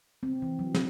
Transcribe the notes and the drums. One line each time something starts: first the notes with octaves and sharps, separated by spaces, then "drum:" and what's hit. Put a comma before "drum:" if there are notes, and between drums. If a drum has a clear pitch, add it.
C4
E3
F#3
C4, drum: snare